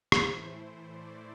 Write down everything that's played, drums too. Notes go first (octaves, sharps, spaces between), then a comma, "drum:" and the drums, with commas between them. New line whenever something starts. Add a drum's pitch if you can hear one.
A2 E3 A3 E4 C5, drum: rim click
D5